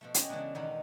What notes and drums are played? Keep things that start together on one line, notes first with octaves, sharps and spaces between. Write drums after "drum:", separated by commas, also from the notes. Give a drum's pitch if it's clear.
B2 F3 A3
C#4 G4 D#5, drum: hi-hat
C#3 E3 F#3 G#3 B3 D4
E2 B2 D#3 B3 D#4